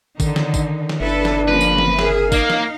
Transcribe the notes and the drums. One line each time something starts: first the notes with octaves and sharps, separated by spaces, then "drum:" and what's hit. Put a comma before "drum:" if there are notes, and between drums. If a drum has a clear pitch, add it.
D3 D#3 D#4, drum: kick G#1, tambourine
drum: snare
drum: kick G#1, tambourine
drum: snare
G1 D4 E4 A4 B4
drum: snare
C#3 F3 A#3 B4
drum: tambourine
drum: tom
G#4 A#4 E5, drum: snare
A#3 D#4 F5, drum: kick G#1, tambourine
drum: snare